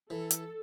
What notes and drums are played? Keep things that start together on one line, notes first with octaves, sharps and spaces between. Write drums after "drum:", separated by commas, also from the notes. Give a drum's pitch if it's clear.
E3 A4
drum: hi-hat